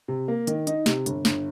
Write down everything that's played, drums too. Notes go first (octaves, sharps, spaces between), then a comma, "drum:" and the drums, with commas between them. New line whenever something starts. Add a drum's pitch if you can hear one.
C3
A#3
D#3, drum: hi-hat
D#4, drum: hi-hat
C3, drum: snare
G1, drum: hi-hat
G1, drum: snare